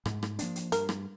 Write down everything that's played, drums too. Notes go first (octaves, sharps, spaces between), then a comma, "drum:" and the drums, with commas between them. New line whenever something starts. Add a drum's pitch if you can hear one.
G#2, drum: rim click
drum: rim click
F3 A#3 D4, drum: hi-hat
drum: hi-hat
G2 A#4, drum: hi-hat
drum: rim click